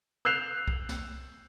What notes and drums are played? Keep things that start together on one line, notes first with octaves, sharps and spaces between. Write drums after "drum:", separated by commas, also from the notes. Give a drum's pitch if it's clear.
E6 F#6 G6 C7 E7 F7
drum: kick C2
drum: snare